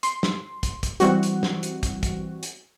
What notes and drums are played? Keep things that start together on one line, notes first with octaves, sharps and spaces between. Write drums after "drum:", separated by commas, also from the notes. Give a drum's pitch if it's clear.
C6, drum: hi-hat
drum: snare
drum: kick, hi-hat
drum: kick, hi-hat
E3 G3 C4 F#4, drum: hi-hat
drum: hi-hat
drum: snare
drum: hi-hat
drum: kick, hi-hat
drum: kick, hi-hat
drum: hi-hat